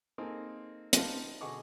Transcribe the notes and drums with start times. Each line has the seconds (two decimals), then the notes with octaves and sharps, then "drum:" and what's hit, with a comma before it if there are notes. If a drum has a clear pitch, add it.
0.18 A#3 C4 D#4 G#4 A4
0.93 B3 D#4 G4 C5 F5 A5, drum: hi-hat
1.41 B2 D3 G#4 D#5 C#6 D6